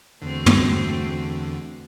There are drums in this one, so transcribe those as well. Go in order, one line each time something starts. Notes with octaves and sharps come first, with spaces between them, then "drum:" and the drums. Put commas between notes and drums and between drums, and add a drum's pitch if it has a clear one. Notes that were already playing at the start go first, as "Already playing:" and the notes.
E2 D3 A3 C4 F#4
drum: tom